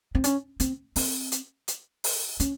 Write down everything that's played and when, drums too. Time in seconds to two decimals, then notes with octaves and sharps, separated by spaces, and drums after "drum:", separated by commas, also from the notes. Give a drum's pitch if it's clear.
0.15 C4
0.24 C#4, drum: hi-hat
0.60 C4, drum: hi-hat
0.96 C4, drum: open hi-hat
1.32 drum: hi-hat
1.68 drum: hi-hat
2.04 drum: open hi-hat
2.40 C#4, drum: hi-hat